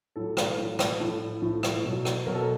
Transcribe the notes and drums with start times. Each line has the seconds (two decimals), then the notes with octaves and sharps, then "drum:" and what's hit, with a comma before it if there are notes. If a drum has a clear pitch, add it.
0.16 A2 F#3 A4
0.37 drum: rim click
0.58 A2 F#3
0.79 drum: rim click
1.00 A2 F3 A4
1.42 A2 F3
1.63 drum: rim click
1.84 B2 F#3
2.05 drum: rim click
2.26 B2 F#3 A#4
2.35 A4
2.42 A#4